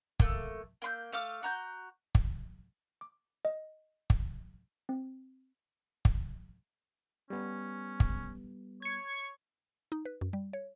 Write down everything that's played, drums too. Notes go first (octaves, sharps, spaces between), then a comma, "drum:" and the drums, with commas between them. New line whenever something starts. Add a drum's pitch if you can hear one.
A3 A#3, drum: kick
A#3 C6 G6
A3 F5 D6 F6
F#4 A#5 G6
drum: kick
D6
D#5
drum: kick
C4
drum: kick
G3 B3 C#4
drum: kick
C#5 G#6 C#7
D#4
B4
F#2
G3
C#5